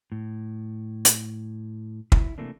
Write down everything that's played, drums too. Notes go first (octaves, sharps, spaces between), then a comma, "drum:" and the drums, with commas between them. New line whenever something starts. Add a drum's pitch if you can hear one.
A2
drum: hi-hat
E4, drum: kick
C3 E3 A3 A#3 D4